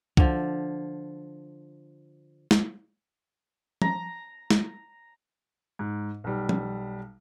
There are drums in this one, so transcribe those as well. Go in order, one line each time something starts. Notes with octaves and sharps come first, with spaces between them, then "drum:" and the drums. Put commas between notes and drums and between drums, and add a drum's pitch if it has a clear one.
D3 F3, drum: kick
drum: snare
A#5, drum: tom F3
drum: snare
G#2
B1 G3
drum: tom F3